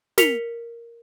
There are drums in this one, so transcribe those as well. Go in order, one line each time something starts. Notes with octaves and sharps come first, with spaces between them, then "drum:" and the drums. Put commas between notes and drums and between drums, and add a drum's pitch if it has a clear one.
A#4 B6 C#7 F7, drum: snare